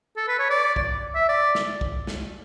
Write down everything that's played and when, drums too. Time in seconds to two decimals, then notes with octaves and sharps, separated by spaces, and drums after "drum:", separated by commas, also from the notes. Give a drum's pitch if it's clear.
0.17 A4
0.28 B4
0.39 C#5
0.50 D5
0.76 drum: kick
1.15 E5
1.29 D5
1.55 drum: snare
1.81 drum: kick
2.07 drum: snare